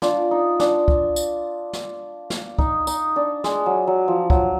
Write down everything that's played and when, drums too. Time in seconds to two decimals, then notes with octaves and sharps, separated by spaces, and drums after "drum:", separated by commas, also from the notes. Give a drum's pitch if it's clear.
0.02 D4 F4, drum: snare
0.31 D#4
0.60 D4, drum: snare
0.88 drum: kick
1.16 drum: tambourine
1.73 drum: snare
2.30 drum: snare
2.59 D#4, drum: kick
2.87 D#4, drum: tambourine
3.16 D4
3.44 G#3, drum: snare
3.66 F#3
3.87 F#3
4.08 F3
4.30 F#3, drum: kick